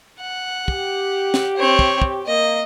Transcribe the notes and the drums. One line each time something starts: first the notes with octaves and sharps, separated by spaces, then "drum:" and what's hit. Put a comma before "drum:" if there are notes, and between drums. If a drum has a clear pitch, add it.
F#5
G4, drum: kick
drum: snare
C4 C#5
drum: kick
drum: kick
A#3 D#5